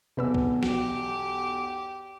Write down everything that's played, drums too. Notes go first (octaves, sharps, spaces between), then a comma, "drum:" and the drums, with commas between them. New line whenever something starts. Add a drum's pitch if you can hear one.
B1 E2 C3 B4 E6
drum: kick C2
F#4 G4, drum: snare